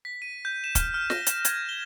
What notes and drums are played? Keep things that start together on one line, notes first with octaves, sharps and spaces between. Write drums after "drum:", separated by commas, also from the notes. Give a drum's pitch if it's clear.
B6
D#7
G6
E7
F6, drum: kick, hi-hat
F6
A#6, drum: snare
E7, drum: hi-hat
G#6, drum: hi-hat
G7